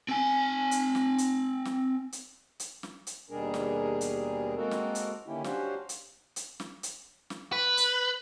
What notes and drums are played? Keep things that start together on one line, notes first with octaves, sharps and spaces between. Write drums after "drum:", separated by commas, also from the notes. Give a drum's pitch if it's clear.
C4 G#5
drum: hi-hat
drum: snare
drum: hi-hat
drum: snare
drum: hi-hat
drum: hi-hat
drum: snare
drum: hi-hat
D#2 B2 G3 D4 G#4 A#4
drum: snare
drum: hi-hat
G#3 A#3 C4 F#4 A4 A#4
drum: snare
drum: hi-hat
D3 D#3 A#3 C#4 E4 G4
C#4 D4 F#4 G4 C5 F5, drum: snare
drum: hi-hat
drum: hi-hat
drum: snare
drum: hi-hat
drum: snare
B4
drum: hi-hat